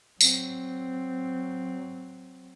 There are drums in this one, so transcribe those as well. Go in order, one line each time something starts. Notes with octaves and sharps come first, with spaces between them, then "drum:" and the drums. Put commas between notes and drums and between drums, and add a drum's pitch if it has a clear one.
F#3 C4, drum: tambourine